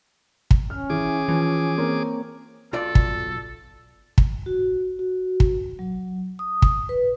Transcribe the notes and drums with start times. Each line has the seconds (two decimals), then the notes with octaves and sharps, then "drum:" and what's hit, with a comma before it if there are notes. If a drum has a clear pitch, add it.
0.51 drum: kick
0.70 C#4 F6
0.90 E3 G#4 D6
1.28 E3 F3
1.78 A#3 C4 C#5
2.73 B1 F4 A4 D5
2.95 drum: kick
4.18 drum: kick
4.46 F#4
4.99 F#4
5.40 drum: kick
5.79 F#3
6.39 D#6
6.62 drum: kick
6.89 B4